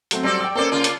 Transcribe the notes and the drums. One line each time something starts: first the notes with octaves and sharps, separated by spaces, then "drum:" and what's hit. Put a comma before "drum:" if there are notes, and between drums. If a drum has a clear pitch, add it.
F#3 A3 C4, drum: hi-hat
F#3 G3 C4 A4 D5
G5 E6
A#3 C#4 A4 C5 D5
C#3 F4 D5
drum: hi-hat